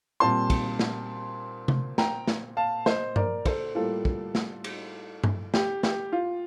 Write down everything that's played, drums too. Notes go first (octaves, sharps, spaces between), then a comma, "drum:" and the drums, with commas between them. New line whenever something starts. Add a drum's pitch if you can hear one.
A#2 G3 C4 F4 A5 C6
drum: kick, cymbal
drum: snare
drum: tom C3
G5 A#5, drum: snare
drum: snare
F5 A5
C5 D#5, drum: snare
A#4 D5, drum: tom G2
A4 C5, drum: kick, cymbal
A2 G3 A#3 F4 A4
drum: kick
drum: snare
drum: cymbal
drum: tom G2
G4, drum: snare
G4, drum: snare
F4